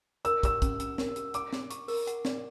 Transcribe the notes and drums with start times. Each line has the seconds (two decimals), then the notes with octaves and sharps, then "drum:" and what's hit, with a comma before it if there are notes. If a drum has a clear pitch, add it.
0.25 A#4 E6, drum: hi-hat
0.43 G4 E6, drum: kick, hi-hat
0.62 C#4, drum: kick, hi-hat
0.80 C#4, drum: hi-hat
0.98 A#4, drum: snare
1.16 G4, drum: hi-hat
1.34 F#5 D6, drum: hi-hat
1.53 D5, drum: snare
1.70 C#6, drum: hi-hat
1.88 A#4, drum: open hi-hat
2.07 F#5, drum: hi-hat
2.25 D5, drum: snare